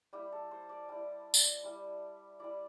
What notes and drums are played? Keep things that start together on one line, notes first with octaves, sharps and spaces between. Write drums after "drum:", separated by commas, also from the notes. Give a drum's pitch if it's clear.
G3 E4 G4
A4
C5
D5
G3 E4
drum: tambourine
G3 E4
G3 E4 D5